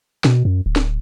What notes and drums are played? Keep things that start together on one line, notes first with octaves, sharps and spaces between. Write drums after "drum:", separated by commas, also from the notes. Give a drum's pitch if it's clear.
B2, drum: snare
F#2
D1
drum: snare